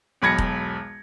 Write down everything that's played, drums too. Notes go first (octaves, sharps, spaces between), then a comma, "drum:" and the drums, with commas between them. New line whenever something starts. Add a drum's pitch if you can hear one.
E1 B1 B5 G#6 A#6 C#7
drum: kick E1